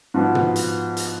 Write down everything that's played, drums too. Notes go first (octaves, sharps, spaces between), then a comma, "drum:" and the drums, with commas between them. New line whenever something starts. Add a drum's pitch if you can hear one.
G#2 F3 B3 F#4
drum: tom
drum: hi-hat
drum: hi-hat